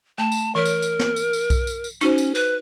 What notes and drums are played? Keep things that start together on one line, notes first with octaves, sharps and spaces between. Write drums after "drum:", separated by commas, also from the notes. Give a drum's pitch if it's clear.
A3 A5
drum: tambourine
E3 A#4 C#5
drum: tambourine
drum: tambourine
drum: snare
drum: tambourine
drum: tambourine
drum: kick B1, tambourine
drum: tambourine
drum: tambourine
C#4 D#4 F#4 C5, drum: tambourine
drum: tambourine
B4, drum: tambourine